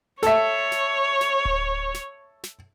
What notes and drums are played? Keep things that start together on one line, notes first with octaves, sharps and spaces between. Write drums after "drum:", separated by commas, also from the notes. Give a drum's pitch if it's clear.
A4 C#5 E5, drum: snare
drum: snare
drum: snare
drum: kick D1
drum: snare
drum: snare